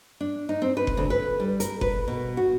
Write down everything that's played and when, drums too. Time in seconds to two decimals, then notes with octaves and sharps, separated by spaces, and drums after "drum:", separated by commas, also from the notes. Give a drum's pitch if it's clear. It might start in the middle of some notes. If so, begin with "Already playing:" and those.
0.21 D4
0.49 D#4
0.62 C4
0.77 B4
0.87 drum: kick F#1
0.97 D2
1.10 B4
1.40 G3
1.60 A#4, drum: hi-hat
1.81 B4, drum: kick F#1
2.08 B2
2.37 F#4